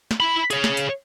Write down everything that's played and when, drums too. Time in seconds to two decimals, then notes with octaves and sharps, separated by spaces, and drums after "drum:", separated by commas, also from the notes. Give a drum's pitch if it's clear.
0.11 drum: snare
0.20 E4 B5
0.51 G#4 C#5, drum: hi-hat
0.64 drum: snare
0.77 drum: hi-hat